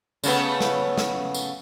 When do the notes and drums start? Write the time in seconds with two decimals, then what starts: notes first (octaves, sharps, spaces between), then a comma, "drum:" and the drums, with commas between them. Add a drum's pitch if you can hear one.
0.24 C#3 A3 B3, drum: tambourine
0.61 drum: snare
0.97 drum: snare
1.34 drum: tambourine